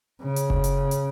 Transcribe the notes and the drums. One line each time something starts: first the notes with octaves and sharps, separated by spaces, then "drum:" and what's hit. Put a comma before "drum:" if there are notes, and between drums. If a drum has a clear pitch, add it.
C#3
drum: hi-hat
drum: kick F#1
drum: hi-hat
drum: hi-hat